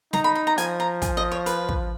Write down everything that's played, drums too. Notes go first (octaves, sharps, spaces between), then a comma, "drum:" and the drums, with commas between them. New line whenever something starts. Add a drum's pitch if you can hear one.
D#4 A#5, drum: snare
B5
B5
A#5
F3 G#5, drum: hi-hat
A#5
G#5, drum: kick, hi-hat
D#5
C#5
B4, drum: hi-hat
drum: kick